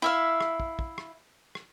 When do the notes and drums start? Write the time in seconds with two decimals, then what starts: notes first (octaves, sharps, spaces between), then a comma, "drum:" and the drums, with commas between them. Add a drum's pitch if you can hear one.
0.02 E4 E5 F5
0.41 drum: rim click
0.60 drum: kick
0.79 drum: kick
0.98 drum: rim click
1.55 drum: rim click